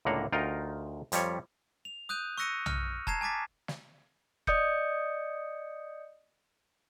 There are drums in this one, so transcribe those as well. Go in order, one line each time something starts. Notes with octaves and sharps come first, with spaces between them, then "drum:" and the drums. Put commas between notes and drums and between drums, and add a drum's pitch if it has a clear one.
C#2 A2 D3 A#3 F#5 A#5
D2 D#4 F4 A#4 G5
F2 F3 G3 C#5, drum: hi-hat
F7
D#6 F#6 G6 D#7
C#6 E6 F#6 A#6 C#7 D#7
F6, drum: tom B1
A5 A#5 G#6 C7 E7, drum: kick F1
G#5 A5 D6 A6 B6
drum: snare
D5 D#5 D#6 G6 C#7, drum: kick F1